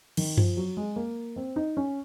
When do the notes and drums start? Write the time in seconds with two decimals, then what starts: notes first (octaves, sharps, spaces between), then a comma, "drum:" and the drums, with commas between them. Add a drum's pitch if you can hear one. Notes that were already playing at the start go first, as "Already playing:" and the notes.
0.17 D#3, drum: cymbal
0.38 F3, drum: tom F#2
0.57 F#3
0.77 G#3
0.96 A#3
1.36 C4
1.56 D#4
1.77 C#4